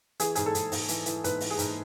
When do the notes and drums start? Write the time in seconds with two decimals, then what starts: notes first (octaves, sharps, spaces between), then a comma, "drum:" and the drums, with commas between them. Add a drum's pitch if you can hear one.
0.20 E3 G#4, drum: hi-hat
0.35 G#2 G#4, drum: hi-hat
0.46 A4
0.55 G#2, drum: hi-hat
0.72 G#2, drum: open hi-hat
0.88 E3, drum: hi-hat
1.06 E3, drum: hi-hat
1.24 G#2 B4, drum: hi-hat
1.40 E3, drum: open hi-hat
1.50 G#4
1.59 G#2, drum: hi-hat